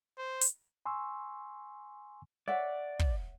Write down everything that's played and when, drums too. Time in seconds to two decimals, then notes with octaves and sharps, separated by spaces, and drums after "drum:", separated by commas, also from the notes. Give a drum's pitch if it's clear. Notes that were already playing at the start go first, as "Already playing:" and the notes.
0.18 C5
0.41 drum: hi-hat
0.86 G#5 C6 C#6 E6
2.48 C#5 D5 E5 F#5
2.99 drum: kick